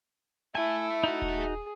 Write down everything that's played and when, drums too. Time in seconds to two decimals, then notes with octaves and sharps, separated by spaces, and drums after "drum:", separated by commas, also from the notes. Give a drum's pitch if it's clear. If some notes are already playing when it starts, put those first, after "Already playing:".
0.55 E4 E5 G#5 A5
1.04 D#4 F#4
1.22 drum: kick D#1
1.36 G#4